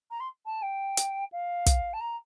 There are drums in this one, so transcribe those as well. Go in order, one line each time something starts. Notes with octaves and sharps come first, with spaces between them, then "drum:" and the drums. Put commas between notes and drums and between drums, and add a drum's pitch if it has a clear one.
A#5
C6
A5
G5
drum: hi-hat
F5
drum: kick, hi-hat
A5
A#5